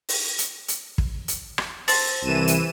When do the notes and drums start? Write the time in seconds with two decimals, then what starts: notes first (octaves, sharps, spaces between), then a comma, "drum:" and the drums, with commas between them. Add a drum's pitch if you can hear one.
0.09 drum: open hi-hat
0.38 drum: hi-hat
0.68 drum: hi-hat
0.98 drum: kick
1.28 drum: hi-hat
1.58 drum: rim click
1.88 C4 A5, drum: open hi-hat
2.23 C2 E3 D#7 E7
2.48 drum: hi-hat